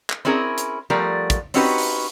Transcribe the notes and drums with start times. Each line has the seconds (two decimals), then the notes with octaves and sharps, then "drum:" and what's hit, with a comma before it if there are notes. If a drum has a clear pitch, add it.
0.10 drum: clap
0.25 C4 C#4 E4 G#4 A#4
0.58 drum: hi-hat
0.90 F3 G3 A3 B3 A#4
1.30 drum: kick, hi-hat
1.54 C4 C#4 D#4 F#4 G4 B4, drum: open hi-hat
1.78 drum: open hi-hat